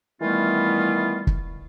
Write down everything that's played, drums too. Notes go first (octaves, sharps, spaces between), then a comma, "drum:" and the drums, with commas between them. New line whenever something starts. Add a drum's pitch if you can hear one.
D#3 E3 G3 A3 B3 F4
drum: kick